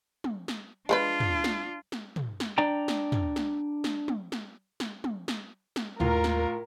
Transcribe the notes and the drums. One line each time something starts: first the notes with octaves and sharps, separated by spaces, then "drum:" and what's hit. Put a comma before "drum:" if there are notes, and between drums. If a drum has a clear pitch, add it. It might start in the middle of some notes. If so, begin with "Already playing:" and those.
drum: tom
drum: snare
G#3 D4 F4 G#4 B4
drum: tom
drum: snare
drum: snare
drum: tom
drum: snare
D4 D5 G5 A#5
drum: snare
drum: tom
drum: snare
drum: snare
drum: tom
drum: snare
drum: snare
drum: tom
drum: snare
drum: snare
D#2 A2 F4 A#4, drum: tom
drum: snare